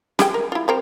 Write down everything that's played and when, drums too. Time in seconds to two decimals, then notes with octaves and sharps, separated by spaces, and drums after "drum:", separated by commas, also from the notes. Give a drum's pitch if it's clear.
0.19 G4 G#4 G5, drum: snare
0.34 A#4
0.52 E4 F4
0.68 G3 C4 A#4